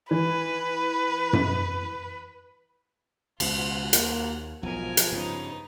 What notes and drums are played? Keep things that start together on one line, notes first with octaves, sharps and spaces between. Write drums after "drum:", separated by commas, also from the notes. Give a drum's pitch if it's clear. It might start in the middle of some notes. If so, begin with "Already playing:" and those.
E3 B4
drum: tom F#2
C#2 B2 F4 F#5, drum: cymbal
D#2 A#3, drum: hi-hat
B1 G#2 F3 A#4 G#5
drum: hi-hat
G2 C#3 B3 D#4